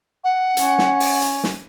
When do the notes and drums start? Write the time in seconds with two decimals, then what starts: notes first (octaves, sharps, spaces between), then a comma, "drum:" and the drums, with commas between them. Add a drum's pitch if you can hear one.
0.24 F#5
0.57 C#4, drum: hi-hat
0.78 drum: snare
1.00 drum: open hi-hat
1.22 drum: hi-hat
1.44 drum: snare